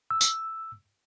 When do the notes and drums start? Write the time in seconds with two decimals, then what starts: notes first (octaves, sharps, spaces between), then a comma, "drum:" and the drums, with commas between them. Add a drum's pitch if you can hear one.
0.10 E6
0.21 drum: tambourine